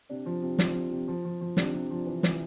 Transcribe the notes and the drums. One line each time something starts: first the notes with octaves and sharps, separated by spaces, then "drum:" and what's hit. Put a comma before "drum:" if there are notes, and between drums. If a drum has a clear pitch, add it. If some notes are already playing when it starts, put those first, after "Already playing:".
C3 D4
F3
C3
F3, drum: snare
C3
C3
F3
F3
F3
C3 D4, drum: snare
C3
F3
E3
E3, drum: snare